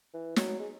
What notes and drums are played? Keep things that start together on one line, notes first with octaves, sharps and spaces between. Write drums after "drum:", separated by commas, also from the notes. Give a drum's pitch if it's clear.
E3
F#3, drum: snare
G#3